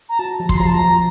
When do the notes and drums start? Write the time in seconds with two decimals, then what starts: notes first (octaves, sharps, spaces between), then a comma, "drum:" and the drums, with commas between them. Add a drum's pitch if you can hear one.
0.09 A#5
0.19 F#4 A5
0.40 F3
0.49 C6, drum: kick
0.58 F3 A#5
0.67 A5
0.74 A#5
0.79 F3